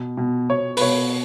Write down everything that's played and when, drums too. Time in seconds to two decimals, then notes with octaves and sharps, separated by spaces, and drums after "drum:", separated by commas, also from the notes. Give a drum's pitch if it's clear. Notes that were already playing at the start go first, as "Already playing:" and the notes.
Already playing: B2
0.17 B2
0.49 B2 C#5
0.77 B4, drum: open hi-hat
0.81 B2 C#5